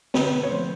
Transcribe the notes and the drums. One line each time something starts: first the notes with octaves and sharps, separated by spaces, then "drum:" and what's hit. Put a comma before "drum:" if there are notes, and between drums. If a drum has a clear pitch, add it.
D3 B4, drum: snare
C#5
F3 A3 C5